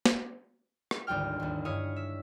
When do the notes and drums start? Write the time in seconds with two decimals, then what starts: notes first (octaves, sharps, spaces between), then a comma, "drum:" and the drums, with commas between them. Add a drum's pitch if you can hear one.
0.06 drum: snare
0.91 drum: rim click
1.07 G#1 D2 G3 F4 G5 F6
1.40 G#1 D#2
1.65 G2 E4 C#5 F5 D#6
1.96 E5